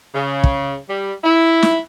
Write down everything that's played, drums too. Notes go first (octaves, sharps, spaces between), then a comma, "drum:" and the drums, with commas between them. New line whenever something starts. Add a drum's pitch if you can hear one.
C#3
drum: kick
G3
E4
drum: snare